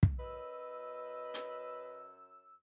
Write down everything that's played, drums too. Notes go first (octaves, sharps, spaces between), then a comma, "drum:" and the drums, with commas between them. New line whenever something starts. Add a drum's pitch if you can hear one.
drum: kick
F#2 B4 D#5 E6
drum: hi-hat